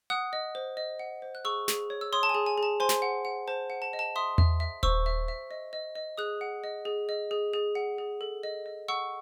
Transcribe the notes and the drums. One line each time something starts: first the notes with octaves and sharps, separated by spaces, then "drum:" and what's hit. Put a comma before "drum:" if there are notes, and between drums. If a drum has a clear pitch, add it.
F#5 D#6 F#6
D#5
C5
D#5
F#5
C5
F#6
G#4 C#6 E6
G#4, drum: snare
C#5
E6
C#5 C6 D#6
A5
G#5
G#4
G#5
G#4
A5
C5 G#5 C6
drum: snare
F#5
F#5
C5 A5
F#5
A5
D#5
A5
E5 C6 D#6
E5, drum: tom E2
E5
C5 C#6 E6, drum: kick D#1
E5
E5
D#5
D#5
D#5
G#4 D#6 F#6
F#5
D#5
G#4
D#5
G#4
G#4
F#5
G#4
A4
D#5
D#5
F#5 C#6 E6